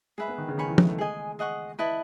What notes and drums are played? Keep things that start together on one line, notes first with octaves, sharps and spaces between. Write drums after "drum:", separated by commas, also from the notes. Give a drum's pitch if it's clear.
G#3 G#4 B4 E5 B5
B3
D#3
C#3
D#3 C#5 G#5 B5
E3
G#3, drum: tom
A3
G#3 G#4 D#5 G#5
G#4 D#5 F#5 C#6
E4 B4 D#5 A5